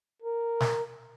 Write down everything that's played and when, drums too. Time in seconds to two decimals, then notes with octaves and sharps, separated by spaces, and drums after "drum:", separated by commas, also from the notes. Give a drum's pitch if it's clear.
0.22 A#4
0.60 drum: snare